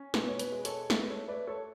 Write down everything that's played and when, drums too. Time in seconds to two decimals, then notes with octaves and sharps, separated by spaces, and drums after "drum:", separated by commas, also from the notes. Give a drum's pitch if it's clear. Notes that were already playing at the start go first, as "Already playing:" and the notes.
Already playing: C#4
0.14 B2 B4, drum: snare
0.27 C#5
0.39 B4, drum: hi-hat
0.52 G#3
0.65 A4 C#5, drum: hi-hat
0.90 A3 B4, drum: snare
1.09 A4 C#5
1.28 A3 B4 D5
1.47 A4 C#5